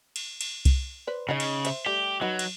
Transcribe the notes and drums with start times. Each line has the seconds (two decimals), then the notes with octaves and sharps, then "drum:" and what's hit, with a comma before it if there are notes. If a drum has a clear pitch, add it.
0.16 drum: cymbal
0.41 drum: cymbal
0.65 drum: kick C2, cymbal
1.07 B4 C5 D5
1.29 C#3 C#4 D#4 D#5
1.40 drum: cymbal
1.65 C5 E5, drum: cymbal
1.86 G3 A3 G4
2.21 F#3 D#4 F#4 B4
2.39 drum: cymbal